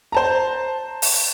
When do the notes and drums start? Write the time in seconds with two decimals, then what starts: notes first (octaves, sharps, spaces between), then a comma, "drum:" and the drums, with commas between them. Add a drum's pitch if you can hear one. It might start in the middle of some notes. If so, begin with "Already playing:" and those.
0.12 C5 A5 A#5
1.02 drum: open hi-hat